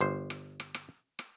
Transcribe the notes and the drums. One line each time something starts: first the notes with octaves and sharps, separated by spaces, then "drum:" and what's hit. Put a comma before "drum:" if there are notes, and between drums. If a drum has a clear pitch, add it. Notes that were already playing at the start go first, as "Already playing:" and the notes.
G1 C5
drum: rim click
drum: rim click
drum: rim click
drum: rim click